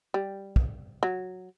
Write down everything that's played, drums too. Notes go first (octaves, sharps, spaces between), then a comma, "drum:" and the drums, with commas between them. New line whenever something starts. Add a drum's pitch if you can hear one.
G3
drum: kick
F#3